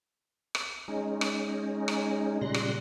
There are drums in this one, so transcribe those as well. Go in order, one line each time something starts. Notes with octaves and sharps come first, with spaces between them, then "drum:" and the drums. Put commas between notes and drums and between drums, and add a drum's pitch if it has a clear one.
drum: rim click
G#3 C#4 D#4
drum: rim click
drum: rim click
A#2 C#3 G3 C6 F#6 A#6
drum: rim click